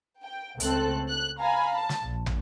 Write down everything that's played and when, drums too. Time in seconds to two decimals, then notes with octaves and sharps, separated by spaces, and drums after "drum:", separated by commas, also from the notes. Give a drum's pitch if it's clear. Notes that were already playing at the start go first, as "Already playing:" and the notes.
0.23 G5
0.60 C#2 A3 C4 A4 F#6, drum: hi-hat
1.08 F#6
1.39 F5 G#5 A#5 B5
1.75 A5
1.89 drum: snare
2.04 A#1
2.26 drum: tom